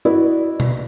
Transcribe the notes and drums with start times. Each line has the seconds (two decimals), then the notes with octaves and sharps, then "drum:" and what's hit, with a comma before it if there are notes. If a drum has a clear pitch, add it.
0.05 E4 F#4 B4 D5 D#5
0.60 drum: tom B2